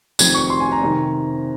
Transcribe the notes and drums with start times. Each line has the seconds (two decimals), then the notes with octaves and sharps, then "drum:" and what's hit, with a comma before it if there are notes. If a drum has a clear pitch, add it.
0.19 F1 F2 D#3 G#6, drum: tambourine
0.34 C#6
0.50 C6
0.60 G#5
0.72 A#5
0.83 C3 D#3